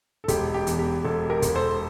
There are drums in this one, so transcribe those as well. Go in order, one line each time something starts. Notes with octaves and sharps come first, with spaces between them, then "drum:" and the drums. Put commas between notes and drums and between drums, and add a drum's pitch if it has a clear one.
A4
E1 G4, drum: kick, hi-hat
G4
E2, drum: hi-hat
G4
E1 A4
G4 A#4
E1, drum: kick, hi-hat
A4 C5